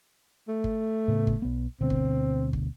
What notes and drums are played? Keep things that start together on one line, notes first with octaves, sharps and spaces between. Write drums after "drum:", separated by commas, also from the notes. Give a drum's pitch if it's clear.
A3
drum: kick G1
A2 C#3 B3
drum: kick G1
B1 B3
D2 B2 D3 C4
drum: kick G1
drum: kick G1